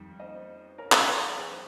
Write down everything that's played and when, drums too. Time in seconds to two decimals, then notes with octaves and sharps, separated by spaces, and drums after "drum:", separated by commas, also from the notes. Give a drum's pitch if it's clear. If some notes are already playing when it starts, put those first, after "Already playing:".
Already playing: F2 D#3 G3
0.20 C5 D#5
0.78 A#4 C#5
0.92 drum: clap
1.37 G#4 C5